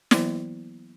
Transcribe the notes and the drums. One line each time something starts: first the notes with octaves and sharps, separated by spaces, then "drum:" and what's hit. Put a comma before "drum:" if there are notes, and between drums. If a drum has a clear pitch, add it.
E3 F#3 A#3 B3 E4, drum: snare